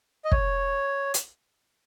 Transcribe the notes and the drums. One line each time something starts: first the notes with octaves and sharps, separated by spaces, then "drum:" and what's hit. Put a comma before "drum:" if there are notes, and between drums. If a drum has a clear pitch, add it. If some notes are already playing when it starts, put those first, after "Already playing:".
D#5
C#5, drum: kick
drum: hi-hat